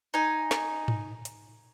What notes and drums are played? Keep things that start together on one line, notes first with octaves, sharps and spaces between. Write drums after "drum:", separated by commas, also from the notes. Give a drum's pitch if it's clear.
D#4 G#5
drum: snare
drum: tom G#2
drum: hi-hat